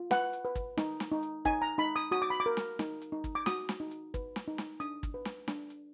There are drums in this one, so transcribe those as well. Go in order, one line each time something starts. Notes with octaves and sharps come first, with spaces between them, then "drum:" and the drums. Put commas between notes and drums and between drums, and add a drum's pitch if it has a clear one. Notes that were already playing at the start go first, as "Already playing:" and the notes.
Already playing: F4
B4 F#5, drum: snare
drum: hi-hat
B4
drum: kick, hi-hat
D#4, drum: snare
drum: snare
D#4
drum: hi-hat
D#4 G#5, drum: kick, hi-hat
A#5
D#4 B5
D#6
F#4 D#6, drum: hi-hat
D6
B5
D6
A#4
drum: snare
D#4, drum: snare
drum: hi-hat
D#4
drum: kick, hi-hat
D6
F#4 D#6, drum: snare
drum: snare
D#4
drum: hi-hat
B4, drum: kick, hi-hat
drum: snare
D#4
drum: snare
D4 D#6, drum: hi-hat
drum: kick, hi-hat
B4
drum: snare
D4, drum: snare
drum: hi-hat